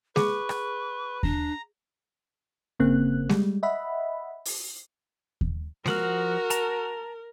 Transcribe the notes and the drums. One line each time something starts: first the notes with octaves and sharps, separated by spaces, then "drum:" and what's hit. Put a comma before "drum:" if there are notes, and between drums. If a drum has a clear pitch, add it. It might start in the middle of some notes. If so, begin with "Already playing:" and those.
G#4 B4 C#6, drum: snare G#3
drum: rim click
D4 A#5, drum: kick D#2
G1 C#3 A#3 C4 F#6
G3 G#3, drum: snare G#3
D#5 E5 F#5 B5
drum: open hi-hat
drum: kick D#2
F3 F#4 A#4 F#5 F6, drum: snare G#3
A5 A#5, drum: hi-hat